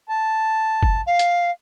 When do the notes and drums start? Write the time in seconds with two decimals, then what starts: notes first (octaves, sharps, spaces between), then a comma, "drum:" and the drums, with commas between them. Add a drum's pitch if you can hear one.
0.09 A5
0.83 drum: kick
1.06 F5
1.19 drum: hi-hat